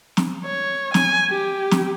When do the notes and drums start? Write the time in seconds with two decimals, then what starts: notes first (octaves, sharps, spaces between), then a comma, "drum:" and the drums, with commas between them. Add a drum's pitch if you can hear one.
0.17 drum: snare
0.45 C#5
0.94 G#5, drum: snare
1.30 G4
1.71 drum: snare